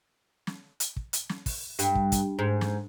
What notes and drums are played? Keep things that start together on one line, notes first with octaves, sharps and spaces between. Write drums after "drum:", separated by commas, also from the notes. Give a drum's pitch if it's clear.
drum: snare
drum: hi-hat
drum: kick
drum: hi-hat
drum: snare
drum: kick, open hi-hat
G2, drum: hi-hat
drum: kick
drum: kick, hi-hat
G#2
drum: snare